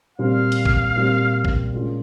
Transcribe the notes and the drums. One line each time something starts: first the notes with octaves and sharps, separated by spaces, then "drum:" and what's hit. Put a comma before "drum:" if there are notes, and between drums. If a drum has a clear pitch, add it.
A#2 G3 C4 F5
drum: hi-hat
drum: kick
A#2 G3 C4
drum: kick
A#2 G#3 C#4 F4